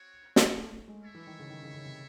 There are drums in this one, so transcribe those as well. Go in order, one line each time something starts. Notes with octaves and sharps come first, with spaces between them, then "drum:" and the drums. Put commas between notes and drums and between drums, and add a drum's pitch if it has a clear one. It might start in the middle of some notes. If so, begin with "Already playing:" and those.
Already playing: C4 F#4 C#5
drum: snare
A3
A3
G#3
E4 A4 C#5 E5
E3
D#3
C#3
D#3
C#3
C#3
C3